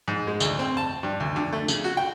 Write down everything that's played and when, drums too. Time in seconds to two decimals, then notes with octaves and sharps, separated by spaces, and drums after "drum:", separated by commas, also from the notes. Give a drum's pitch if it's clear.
0.08 G#2
0.27 G#3
0.40 D2, drum: tambourine
0.59 C4
0.77 A5
1.03 G2
1.20 D2
1.36 D3
1.52 A3
1.68 C#3, drum: tambourine
1.84 F#4
1.97 G5